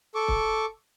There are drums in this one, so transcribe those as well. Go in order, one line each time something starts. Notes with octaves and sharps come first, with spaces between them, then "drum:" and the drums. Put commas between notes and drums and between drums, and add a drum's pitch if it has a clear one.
A4 C#6 D6
drum: kick